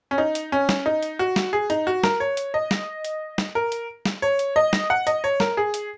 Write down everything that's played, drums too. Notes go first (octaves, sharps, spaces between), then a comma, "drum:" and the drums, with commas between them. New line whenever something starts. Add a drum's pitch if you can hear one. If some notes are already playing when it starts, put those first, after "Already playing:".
C#4
D#4
drum: hi-hat
C#4
drum: snare
D#4
drum: hi-hat
F#4
drum: snare
G#4
D#4, drum: hi-hat
F#4
A#4, drum: snare
C#5
drum: hi-hat
D#5
drum: snare
drum: hi-hat
drum: snare
A#4
drum: hi-hat
drum: snare
C#5
drum: hi-hat
D#5
drum: snare
F#5
D#5, drum: hi-hat
C#5
A#4, drum: snare
G#4
drum: hi-hat